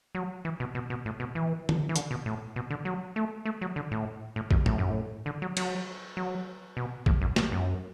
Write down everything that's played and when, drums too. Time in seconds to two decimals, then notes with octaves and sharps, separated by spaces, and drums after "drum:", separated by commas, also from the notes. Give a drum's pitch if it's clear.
0.15 F#3
0.45 E3
0.60 B2
0.75 B2
0.90 B2
1.06 A2
1.20 B2
1.35 E3
1.69 drum: tom D3
1.89 E3
1.96 D3, drum: hi-hat
2.11 B2
2.26 A2
2.56 B2
2.70 D3
2.85 F#3
3.16 A3
3.45 A3
3.61 F#3
3.76 D3
3.91 A2
4.36 A2
4.51 F#2, drum: kick
4.66 A2, drum: tom
4.78 F#2
4.90 A2
5.26 D3
5.42 F#3
5.57 F#3, drum: cymbal
6.17 F#3
6.77 B2
7.06 A2, drum: kick
7.21 F#2
7.36 B2, drum: snare
7.52 F#2